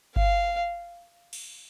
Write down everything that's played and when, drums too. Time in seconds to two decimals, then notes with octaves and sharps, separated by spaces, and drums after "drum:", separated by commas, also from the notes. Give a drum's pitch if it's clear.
0.16 F5, drum: kick G1
1.33 drum: cymbal